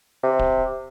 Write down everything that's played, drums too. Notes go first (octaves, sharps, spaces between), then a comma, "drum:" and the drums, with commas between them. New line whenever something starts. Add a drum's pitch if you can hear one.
C3
drum: kick D1